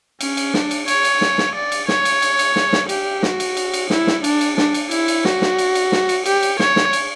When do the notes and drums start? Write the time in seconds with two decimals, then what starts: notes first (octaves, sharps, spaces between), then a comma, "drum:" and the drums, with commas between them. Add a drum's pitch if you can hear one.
0.21 C#4, drum: cymbal
0.37 drum: cymbal
0.54 D4, drum: snare
0.71 drum: cymbal
0.88 C#5, drum: cymbal
1.04 drum: cymbal
1.21 drum: snare
1.38 drum: snare
1.55 D5
1.72 drum: cymbal
1.88 C#5, drum: snare
2.05 drum: cymbal
2.22 drum: cymbal
2.39 drum: cymbal
2.56 drum: snare
2.73 drum: snare
2.89 G4, drum: cymbal
3.23 F#4, drum: snare
3.40 drum: cymbal
3.57 drum: cymbal
3.74 drum: cymbal
3.90 E4, drum: snare
4.07 drum: snare
4.24 D4, drum: cymbal
4.41 drum: cymbal
4.58 D4, drum: snare
4.74 drum: cymbal
4.91 E4, drum: cymbal
5.08 drum: cymbal
5.25 F#4, drum: snare
5.42 drum: snare
5.58 drum: cymbal
5.75 drum: cymbal
5.92 drum: snare
6.09 drum: cymbal
6.26 G4, drum: cymbal
6.43 drum: cymbal
6.59 C#5, drum: snare
6.76 drum: snare
6.93 drum: cymbal